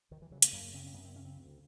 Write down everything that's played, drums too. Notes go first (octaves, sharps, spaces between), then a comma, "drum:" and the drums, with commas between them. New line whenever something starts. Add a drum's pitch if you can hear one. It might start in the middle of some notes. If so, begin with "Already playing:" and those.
D#2 D#3
E3
C#3 F#3
A#3, drum: hi-hat
F#2 A#3
C#3 C4
C4
F#2 B3
C4
C#3 C#4
C4
D2